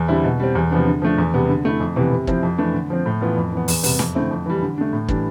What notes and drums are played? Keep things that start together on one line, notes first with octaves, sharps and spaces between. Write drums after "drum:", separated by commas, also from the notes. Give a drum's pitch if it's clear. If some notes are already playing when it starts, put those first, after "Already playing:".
Already playing: E2
D3 G3 C4 E4
B2
G3 C4
E2
C3 F3 B3 D4
D3
F3 A3 D4
E2
C3 G3 B3
D3
A3 E4
F2
C3 E3 B3
C3
F3 C4 E4, drum: kick
F2
E3 A3 D4
D3
F3 C4
A2
E3 B3 F4
F2
E3 B3
E2, drum: open hi-hat
C3 G3 B3, drum: open hi-hat
F2, drum: snare
D3 A3 C4 E4
F2
E3 G3
D3
A3 D4
A2
E3 G3 D4, drum: kick